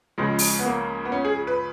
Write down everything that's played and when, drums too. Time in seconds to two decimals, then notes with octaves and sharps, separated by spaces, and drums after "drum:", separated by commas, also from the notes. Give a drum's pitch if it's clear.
0.18 C#2 C#3 F3 G#3
0.39 drum: open hi-hat
0.59 B3
0.66 A#3
1.05 B3
1.12 C#4
1.25 G#4
1.47 B4